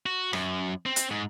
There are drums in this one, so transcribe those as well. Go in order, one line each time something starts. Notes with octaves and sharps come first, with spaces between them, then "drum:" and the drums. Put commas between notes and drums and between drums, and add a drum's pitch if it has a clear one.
F#4
F#2, drum: rim click
C4
drum: hi-hat
G#2